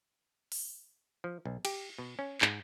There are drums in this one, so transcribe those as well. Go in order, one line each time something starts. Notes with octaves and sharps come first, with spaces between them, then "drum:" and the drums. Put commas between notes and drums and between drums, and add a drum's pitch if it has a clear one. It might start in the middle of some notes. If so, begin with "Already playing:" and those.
drum: open hi-hat
F3
B1
G4, drum: cymbal
B2
C#4
G#2, drum: clap